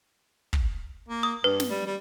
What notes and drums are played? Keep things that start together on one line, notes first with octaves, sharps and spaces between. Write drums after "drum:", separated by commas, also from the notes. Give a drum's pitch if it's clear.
drum: kick
A#3
D#6
G2 B4
drum: snare
G3
G3